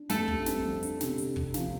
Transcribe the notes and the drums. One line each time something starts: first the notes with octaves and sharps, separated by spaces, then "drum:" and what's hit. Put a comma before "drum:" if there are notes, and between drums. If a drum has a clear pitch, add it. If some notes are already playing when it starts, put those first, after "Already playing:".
Already playing: D4
F2 A3 A4, drum: snare
G3, drum: kick
C4, drum: snare
F2
D4, drum: hi-hat
C3, drum: snare
C3, drum: hi-hat
C3, drum: kick
F3, drum: snare